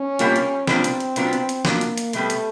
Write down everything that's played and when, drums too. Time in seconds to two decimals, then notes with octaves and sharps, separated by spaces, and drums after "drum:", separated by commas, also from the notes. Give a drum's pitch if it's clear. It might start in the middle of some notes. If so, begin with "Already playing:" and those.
Already playing: C#4
0.19 B2 G3 A#3 D4 F4, drum: hi-hat
0.36 drum: hi-hat
0.67 B2 G3 A#3 C4 D4 F4, drum: snare
0.84 drum: hi-hat
1.00 drum: hi-hat
1.16 B2 F#3 B3 D4 F4, drum: hi-hat
1.33 drum: hi-hat
1.49 drum: hi-hat
1.65 B2 F#3 A#3 B3 D4 F4, drum: snare
1.81 drum: hi-hat
1.98 drum: hi-hat
2.13 B2 G3 A3 B3, drum: hi-hat
2.30 drum: hi-hat